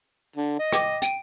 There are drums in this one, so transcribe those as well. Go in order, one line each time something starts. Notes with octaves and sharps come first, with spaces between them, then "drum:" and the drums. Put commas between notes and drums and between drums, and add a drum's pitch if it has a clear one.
D3
D#5
G5 D6 A#6, drum: rim click
G5 D7 D#7, drum: hi-hat